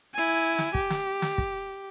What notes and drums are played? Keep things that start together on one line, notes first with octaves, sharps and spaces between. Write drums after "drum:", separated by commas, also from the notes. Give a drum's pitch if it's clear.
E4 G#5
drum: snare
G4, drum: kick
drum: snare
drum: snare
drum: kick